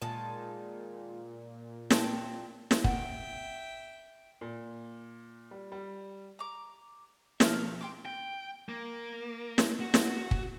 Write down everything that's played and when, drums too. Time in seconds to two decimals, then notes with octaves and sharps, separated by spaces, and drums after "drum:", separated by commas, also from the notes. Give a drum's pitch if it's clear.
0.02 A#2 D#3 G#3 A5
1.90 C4 G5 A5, drum: snare
2.71 drum: snare
2.84 E5 F#5 G5, drum: kick
4.41 A#2
5.51 G3
5.72 G3
6.39 A#5 D6
7.40 B1 F3 A#4 E5 F5, drum: snare
7.81 G5 C6 D6
8.05 G5
8.69 A#3
9.58 drum: snare
9.80 F#4
9.94 drum: snare
10.31 drum: kick